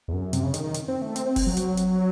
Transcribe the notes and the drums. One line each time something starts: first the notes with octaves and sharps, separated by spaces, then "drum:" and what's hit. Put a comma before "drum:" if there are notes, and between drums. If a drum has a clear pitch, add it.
E2
F#2
C3, drum: hi-hat
C#3
D#3, drum: hi-hat
D#3
drum: hi-hat
C4
A3
C4, drum: hi-hat
C4
drum: kick F1, open hi-hat
F#3
drum: hi-hat
drum: hi-hat